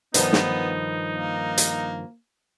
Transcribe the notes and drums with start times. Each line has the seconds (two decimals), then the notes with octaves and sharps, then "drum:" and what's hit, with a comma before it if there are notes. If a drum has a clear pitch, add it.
0.14 G2 D#3 F3 B3 D#4, drum: hi-hat
0.33 drum: snare
1.11 A#3
1.58 drum: hi-hat